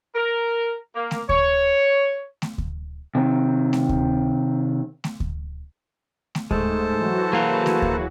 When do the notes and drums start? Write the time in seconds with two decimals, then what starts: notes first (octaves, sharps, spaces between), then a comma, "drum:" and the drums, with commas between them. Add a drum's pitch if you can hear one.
0.15 A#4
0.95 A#3
1.11 drum: snare A3
1.29 C#5, drum: kick D2
2.42 drum: snare A3
2.58 drum: kick D2
3.15 C3 D#3 C4
3.73 drum: snare A3
3.89 drum: kick D2
5.04 drum: snare A3
5.20 drum: kick D2
6.35 drum: snare A3
6.51 G#2 G#3 A3 A4 C5 A5, drum: kick D2
6.97 E3 F#3 F#4
7.33 A#3 G#4 B4 F5
7.66 drum: snare A3
7.82 drum: kick D2